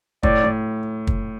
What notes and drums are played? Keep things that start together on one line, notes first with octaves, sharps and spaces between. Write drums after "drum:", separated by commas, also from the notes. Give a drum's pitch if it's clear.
A2 D5, drum: kick
A2
drum: kick